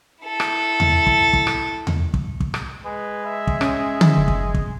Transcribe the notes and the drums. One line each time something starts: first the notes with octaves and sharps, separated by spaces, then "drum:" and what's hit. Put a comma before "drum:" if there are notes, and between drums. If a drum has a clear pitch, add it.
E4 A4
drum: rim click
drum: tom E2
drum: kick
drum: kick
drum: rim click
drum: tom E2
drum: kick
drum: kick
drum: rim click
G#3 B4
E5
drum: kick
C#4, drum: rim click
drum: tom D3
F#1
drum: kick
drum: kick